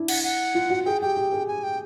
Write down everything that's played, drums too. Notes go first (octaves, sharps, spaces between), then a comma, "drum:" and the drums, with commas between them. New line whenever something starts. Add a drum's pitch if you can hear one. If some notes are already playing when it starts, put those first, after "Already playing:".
Already playing: D4 E4
F#5, drum: cymbal
F#5
F4
F#4
G#4 G5
G4 G5
G4
G#4
G#5
G5